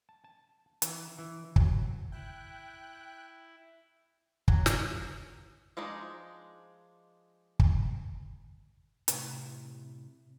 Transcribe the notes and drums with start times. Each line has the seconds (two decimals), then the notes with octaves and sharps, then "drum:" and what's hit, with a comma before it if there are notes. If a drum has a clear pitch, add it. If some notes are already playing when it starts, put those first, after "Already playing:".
0.09 A5
0.24 A5
0.82 E3, drum: hi-hat
1.18 E3
1.56 F#3, drum: kick
2.12 E4 G5 F#6
4.48 F#3, drum: kick
4.66 drum: snare
5.77 F3 G#3 D4 D#4
7.59 drum: kick
9.08 A2 C3, drum: hi-hat